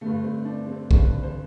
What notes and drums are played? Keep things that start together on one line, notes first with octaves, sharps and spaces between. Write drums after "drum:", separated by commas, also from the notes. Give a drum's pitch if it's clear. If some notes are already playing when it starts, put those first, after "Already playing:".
G2 D3 A3
C4
D4
C4
G2 D3, drum: kick
C5